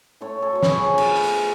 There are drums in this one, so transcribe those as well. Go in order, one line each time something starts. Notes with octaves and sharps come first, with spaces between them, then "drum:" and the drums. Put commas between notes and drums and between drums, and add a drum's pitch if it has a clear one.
A2 A4 C#5
A4 C#5
F#3 B3 C#5
G#4 B4, drum: snare
F3 G#4 B4
drum: cymbal
A3 D4, drum: open hi-hat